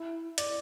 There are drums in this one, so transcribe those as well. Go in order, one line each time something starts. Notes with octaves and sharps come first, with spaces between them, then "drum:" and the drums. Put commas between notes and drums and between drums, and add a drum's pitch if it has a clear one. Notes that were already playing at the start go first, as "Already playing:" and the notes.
Already playing: E4
D5, drum: hi-hat